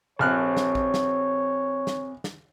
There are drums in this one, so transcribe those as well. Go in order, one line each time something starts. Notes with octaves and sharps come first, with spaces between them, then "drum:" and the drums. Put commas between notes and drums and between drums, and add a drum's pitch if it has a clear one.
A#1 C4 G4 A4 C#5 F6 F#6
drum: snare
drum: kick
drum: snare
drum: snare
drum: snare